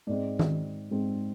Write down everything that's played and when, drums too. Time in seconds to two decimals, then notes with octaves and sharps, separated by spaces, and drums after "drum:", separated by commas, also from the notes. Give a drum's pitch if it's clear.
0.07 G#2 G#3 C4 D5
0.39 drum: tom D#3
0.91 G#2 G#3 C4